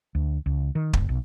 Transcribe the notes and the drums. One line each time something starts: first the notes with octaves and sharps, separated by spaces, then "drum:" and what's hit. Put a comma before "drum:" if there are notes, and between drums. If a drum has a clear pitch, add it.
D2
C#2
D#3
F#1, drum: kick
B1